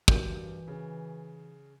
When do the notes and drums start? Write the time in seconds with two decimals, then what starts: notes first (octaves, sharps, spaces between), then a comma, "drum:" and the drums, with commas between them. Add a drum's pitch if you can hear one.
0.08 G2 E3 F#4 A#4 G6, drum: kick
0.68 C#3